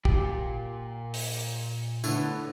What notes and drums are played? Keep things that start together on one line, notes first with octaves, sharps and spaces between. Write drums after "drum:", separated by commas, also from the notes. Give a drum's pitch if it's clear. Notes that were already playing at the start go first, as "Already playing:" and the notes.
A#2 G4, drum: kick
drum: open hi-hat
A2 D3 B3, drum: tambourine